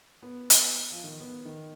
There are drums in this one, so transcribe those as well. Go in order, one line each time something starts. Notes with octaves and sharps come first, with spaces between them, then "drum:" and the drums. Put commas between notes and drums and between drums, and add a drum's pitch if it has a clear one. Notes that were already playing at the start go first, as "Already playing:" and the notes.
B3
drum: hi-hat
F3
D#3
B3
D#3